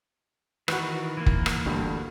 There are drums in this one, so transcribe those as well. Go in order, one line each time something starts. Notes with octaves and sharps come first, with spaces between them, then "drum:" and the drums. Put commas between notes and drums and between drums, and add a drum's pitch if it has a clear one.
D#3 E3 F#4 B4, drum: rim click
E3 A#3
drum: kick
drum: rim click
D2 G2